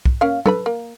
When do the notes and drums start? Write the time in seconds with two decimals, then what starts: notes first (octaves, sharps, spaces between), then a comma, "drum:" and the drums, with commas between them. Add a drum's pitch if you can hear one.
0.06 drum: kick
0.21 A#3 C#4 F5
0.46 A4 B4 B5, drum: tom
0.66 A#3